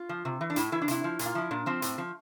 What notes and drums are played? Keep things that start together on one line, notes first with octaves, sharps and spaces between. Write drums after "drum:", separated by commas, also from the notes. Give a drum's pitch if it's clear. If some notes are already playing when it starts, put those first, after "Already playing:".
Already playing: F4
F3
C3
E3
D4
A2 E4, drum: hi-hat
E3 E4
D4
C3 E4, drum: hi-hat
F3
A#2, drum: hi-hat
F4
F3 E4
A#2 D4
F3 C4
A2, drum: hi-hat
F3